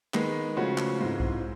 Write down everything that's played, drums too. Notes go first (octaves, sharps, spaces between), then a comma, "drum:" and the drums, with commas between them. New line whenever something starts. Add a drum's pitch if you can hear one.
D#3 G#3 B3, drum: clap
C#3 F3 A3 C#4 F#4
drum: clap
G#2 E3 G#3 C4 F4
drum: kick B1